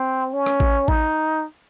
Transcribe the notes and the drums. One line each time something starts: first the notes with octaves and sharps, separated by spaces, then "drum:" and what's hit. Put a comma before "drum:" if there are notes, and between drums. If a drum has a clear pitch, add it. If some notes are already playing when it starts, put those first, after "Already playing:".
Already playing: C4
C#4
drum: rim click
drum: kick A1
D#4, drum: kick A1